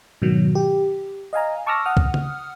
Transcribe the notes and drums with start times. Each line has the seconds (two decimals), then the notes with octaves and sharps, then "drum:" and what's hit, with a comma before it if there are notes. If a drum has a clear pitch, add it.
0.22 G#2 B2 D#3 F#3
0.55 G4
1.33 D#5 F5 G#5 A#5
1.66 A5 C#6 D6 E6 F6 A#6
1.85 F#5 D#6 F6
1.97 drum: kick
2.14 drum: tom C#3